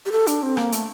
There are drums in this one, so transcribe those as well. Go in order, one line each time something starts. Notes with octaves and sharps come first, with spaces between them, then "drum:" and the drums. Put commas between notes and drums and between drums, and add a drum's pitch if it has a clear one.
G4
A4
D4, drum: hi-hat
C4
A#3, drum: rim click
A3, drum: hi-hat